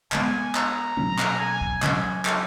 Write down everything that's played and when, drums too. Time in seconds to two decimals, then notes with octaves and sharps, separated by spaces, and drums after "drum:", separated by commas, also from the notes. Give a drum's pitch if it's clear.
0.12 C#3 G#3 B3 G#5, drum: clap
0.55 A#5, drum: clap
0.97 B2 F#3 A#3 C#4
1.19 drum: clap
1.39 G#5
1.61 drum: kick
1.82 C#3 F#3 C#4 G#5, drum: clap
2.25 drum: clap